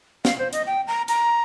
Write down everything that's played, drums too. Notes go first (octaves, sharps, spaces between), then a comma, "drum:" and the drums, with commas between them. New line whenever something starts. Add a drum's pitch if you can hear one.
F5, drum: snare
C5
D#5, drum: hi-hat
G5
A#5
A#5, drum: hi-hat